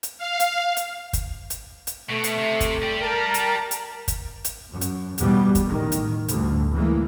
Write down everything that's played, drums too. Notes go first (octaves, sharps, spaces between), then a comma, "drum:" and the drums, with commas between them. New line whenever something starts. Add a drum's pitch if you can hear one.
drum: hi-hat
F5
drum: hi-hat
drum: hi-hat
drum: kick, hi-hat
drum: hi-hat
drum: hi-hat
B2 A3
drum: hi-hat
C3
drum: kick, hi-hat
G4 D5
A#4 A5 A#5
drum: hi-hat
drum: hi-hat
drum: kick, hi-hat
drum: hi-hat
F#2
drum: hi-hat
E2 B2 G3 B3, drum: hi-hat
drum: kick, hi-hat
A1 D#3
drum: hi-hat
D2 G2, drum: hi-hat
E3 G#3 A#3